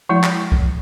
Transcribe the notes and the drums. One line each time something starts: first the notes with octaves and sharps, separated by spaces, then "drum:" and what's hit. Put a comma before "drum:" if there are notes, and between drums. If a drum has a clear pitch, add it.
F3 G#3 E4
drum: clap
drum: kick C2